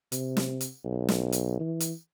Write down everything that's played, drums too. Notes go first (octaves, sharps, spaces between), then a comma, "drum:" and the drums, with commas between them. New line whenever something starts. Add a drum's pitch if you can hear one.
C3, drum: hi-hat
drum: snare
drum: hi-hat
B1
drum: snare
drum: hi-hat
E3
drum: hi-hat